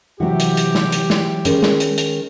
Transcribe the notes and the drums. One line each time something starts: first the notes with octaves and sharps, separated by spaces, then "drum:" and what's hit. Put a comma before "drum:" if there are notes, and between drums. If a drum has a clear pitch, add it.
C3 E3 F#3 F#4 G4
drum: hi-hat
drum: hi-hat
drum: snare
drum: hi-hat
drum: snare
D#3 G#3 C#4, drum: hi-hat
drum: snare
drum: hi-hat
drum: hi-hat